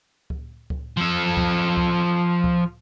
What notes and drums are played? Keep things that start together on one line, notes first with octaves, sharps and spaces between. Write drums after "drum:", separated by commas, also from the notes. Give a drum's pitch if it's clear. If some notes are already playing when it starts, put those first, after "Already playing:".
drum: kick C#2
drum: kick C#2
F3 A4
drum: kick C#2
drum: kick C#2
drum: kick C#2